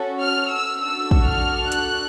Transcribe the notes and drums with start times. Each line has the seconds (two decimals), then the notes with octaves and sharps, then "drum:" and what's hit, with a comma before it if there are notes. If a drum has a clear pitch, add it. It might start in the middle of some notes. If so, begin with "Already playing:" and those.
Already playing: C#4 F#4 A4
0.21 F6
0.51 E6
0.81 D4 F#4 A4 E6
1.11 drum: kick
1.26 F6
1.72 F#6, drum: hi-hat